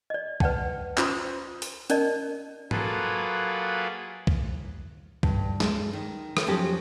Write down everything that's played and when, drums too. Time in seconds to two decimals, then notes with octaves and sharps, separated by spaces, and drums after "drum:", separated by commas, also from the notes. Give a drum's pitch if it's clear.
0.10 D5 D#5
0.40 B4 D5 F#5 G5 A5, drum: kick
0.98 C#4 F4 C5 C6 D#6, drum: clap
1.62 drum: open hi-hat
1.90 C#4 A#4 D5 D#5 A5, drum: hi-hat
2.71 F#3 A#3 F4 G#4 A4 B4, drum: tom G#2
4.27 drum: kick
5.23 G2, drum: kick
5.60 G#3, drum: snare
5.93 D#3
6.37 drum: rim click
6.46 F2 F3 F#3 C#4 G4